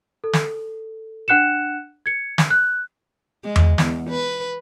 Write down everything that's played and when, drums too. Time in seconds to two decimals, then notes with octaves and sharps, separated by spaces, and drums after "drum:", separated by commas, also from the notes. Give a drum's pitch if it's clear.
0.24 A4
0.33 drum: snare
1.28 D4 F#5 F#6 C#7 E7
2.06 G#6 C#7
2.38 drum: snare
2.50 F#6
3.44 G#3
3.56 drum: tom E2
3.78 E2, drum: snare
4.10 B4